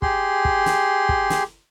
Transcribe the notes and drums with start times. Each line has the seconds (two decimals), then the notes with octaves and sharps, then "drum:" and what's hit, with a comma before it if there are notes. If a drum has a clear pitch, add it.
0.02 G4 G#4 C6, drum: kick
0.45 drum: kick
0.66 drum: snare
1.09 drum: kick
1.30 drum: snare